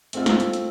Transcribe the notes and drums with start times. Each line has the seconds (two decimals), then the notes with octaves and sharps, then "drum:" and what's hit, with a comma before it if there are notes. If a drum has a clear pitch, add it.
0.13 A3 C4 F4, drum: hi-hat
0.26 drum: snare
0.40 drum: hi-hat
0.53 drum: hi-hat